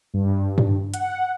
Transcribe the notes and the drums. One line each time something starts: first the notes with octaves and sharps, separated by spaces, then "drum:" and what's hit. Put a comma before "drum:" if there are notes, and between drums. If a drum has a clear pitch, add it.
G2
drum: tom G2
F#5, drum: hi-hat